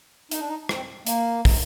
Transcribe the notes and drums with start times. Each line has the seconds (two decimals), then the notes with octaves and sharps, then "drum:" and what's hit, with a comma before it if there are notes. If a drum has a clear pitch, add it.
0.31 D#4, drum: hi-hat
0.40 D4
0.49 D#4
0.69 C4, drum: rim click
1.07 A#3, drum: hi-hat
1.45 drum: kick, open hi-hat